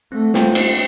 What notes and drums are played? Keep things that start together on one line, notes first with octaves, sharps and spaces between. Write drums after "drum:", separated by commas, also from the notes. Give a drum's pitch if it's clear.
A3 C4
F4 C5 G5, drum: snare
D#4, drum: cymbal